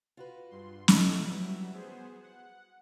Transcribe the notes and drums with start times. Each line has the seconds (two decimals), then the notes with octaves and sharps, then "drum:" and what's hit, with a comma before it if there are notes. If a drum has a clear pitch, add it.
0.17 F4 F#4 B4
0.50 G2 C6
0.88 B2 F#3 G3 E4 A4 E5, drum: snare
1.30 F#4 B4
1.73 B3 G#4 C5
2.22 F#5